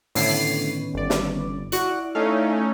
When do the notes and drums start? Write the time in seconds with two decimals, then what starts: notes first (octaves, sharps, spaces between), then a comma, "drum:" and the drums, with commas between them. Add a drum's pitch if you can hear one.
0.15 A2 D3 D#3 B3 C#4 C7, drum: open hi-hat
0.94 G1 D5
1.10 drum: snare
1.72 E4 F#4 D5 F#6, drum: hi-hat
2.15 A3 C#4 D#4 F5